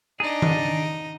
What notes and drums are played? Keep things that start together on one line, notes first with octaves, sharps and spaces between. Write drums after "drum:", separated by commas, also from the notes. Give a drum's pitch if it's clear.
D4 D#4 G#4 D#5
drum: tom D#3